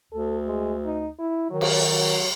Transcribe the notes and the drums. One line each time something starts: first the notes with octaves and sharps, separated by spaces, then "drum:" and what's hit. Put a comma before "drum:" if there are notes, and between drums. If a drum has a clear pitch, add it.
D2 A4
G#3
D#4
E4
D#3 F#3
drum: cymbal
F#3